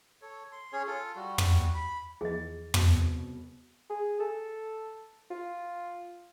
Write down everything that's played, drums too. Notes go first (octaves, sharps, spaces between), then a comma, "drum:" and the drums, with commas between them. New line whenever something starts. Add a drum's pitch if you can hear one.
A4 C#5
C6
C#4 G#4 C#5
F4 A4
G3 F#4
drum: tom
B5
E2 F3 G#4 D#5
C2 B2, drum: tom
G#4
A4
F4